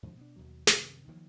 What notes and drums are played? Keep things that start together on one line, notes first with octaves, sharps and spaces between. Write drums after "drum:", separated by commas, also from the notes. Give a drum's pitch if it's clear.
G#2 D3 D#3 F3
B2 B3 D4
D#2 B2 F#3
C2 F#2 D#3, drum: snare
D#3 F3 F#3 A#3